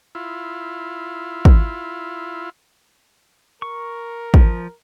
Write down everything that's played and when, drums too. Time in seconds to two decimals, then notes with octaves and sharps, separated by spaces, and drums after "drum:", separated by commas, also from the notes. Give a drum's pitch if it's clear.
0.15 E4 F4
1.45 drum: kick
3.62 A#4 C#6
4.34 F3, drum: kick